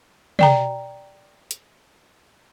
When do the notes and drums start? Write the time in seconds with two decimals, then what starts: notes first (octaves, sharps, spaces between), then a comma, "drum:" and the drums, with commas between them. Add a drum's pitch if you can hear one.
0.39 D5 G5 A#5, drum: tom
1.51 drum: hi-hat